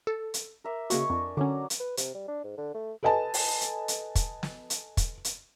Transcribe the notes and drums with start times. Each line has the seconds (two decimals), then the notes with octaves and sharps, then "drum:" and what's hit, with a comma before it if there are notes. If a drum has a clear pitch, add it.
0.07 A4
0.34 drum: hi-hat
0.64 A#4 E5 D6
0.90 C#3 A#3 F#4 D#5 G#5 C#6, drum: hi-hat
1.10 F2 D4
1.37 D3 F#3 C#4 F#5 D6
1.70 drum: hi-hat
1.80 B4
1.97 C3, drum: hi-hat
2.14 G3
2.28 D4
2.44 G#2
2.57 D3
2.74 A3
3.03 A4 B4 D#5 G#5 A5
3.34 drum: open hi-hat
3.61 drum: hi-hat
3.88 drum: hi-hat
4.15 drum: kick, hi-hat
4.43 drum: snare
4.70 drum: hi-hat
4.97 drum: kick, hi-hat
5.25 drum: hi-hat